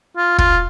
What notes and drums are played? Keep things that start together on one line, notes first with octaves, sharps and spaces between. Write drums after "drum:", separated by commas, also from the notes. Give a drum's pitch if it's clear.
F4
F4, drum: kick